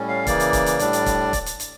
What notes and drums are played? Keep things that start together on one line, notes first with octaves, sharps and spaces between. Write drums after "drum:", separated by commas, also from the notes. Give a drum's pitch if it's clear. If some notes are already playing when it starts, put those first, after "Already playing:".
Already playing: A2 G3 C#4
F5
C#3 E3 A#3 D5, drum: kick, hi-hat
drum: hi-hat
drum: kick, hi-hat
drum: hi-hat
A2 G3 D4, drum: hi-hat
drum: hi-hat
drum: kick, hi-hat
drum: kick, hi-hat
drum: hi-hat
drum: hi-hat